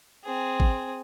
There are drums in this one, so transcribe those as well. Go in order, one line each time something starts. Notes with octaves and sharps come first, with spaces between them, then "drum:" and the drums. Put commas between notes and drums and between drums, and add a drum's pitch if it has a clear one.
C4 G#4
drum: kick G#1